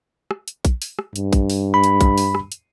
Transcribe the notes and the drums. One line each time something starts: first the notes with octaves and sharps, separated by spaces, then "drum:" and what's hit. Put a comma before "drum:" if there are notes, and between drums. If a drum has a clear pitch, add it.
drum: rim click
drum: hi-hat
drum: kick A#1, hi-hat
drum: open hi-hat
drum: rim click
G2, drum: hi-hat
drum: kick A#1, hi-hat
drum: open hi-hat
B5
drum: hi-hat
drum: kick A#1, hi-hat
drum: open hi-hat
drum: rim click
drum: hi-hat